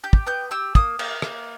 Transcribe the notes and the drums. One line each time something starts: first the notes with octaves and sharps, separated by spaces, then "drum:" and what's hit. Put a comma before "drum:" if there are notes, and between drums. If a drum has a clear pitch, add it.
G4 G6
drum: kick
B3 G6
G4 E6
A#3 D#6, drum: kick
A#3, drum: cymbal
A#3, drum: rim click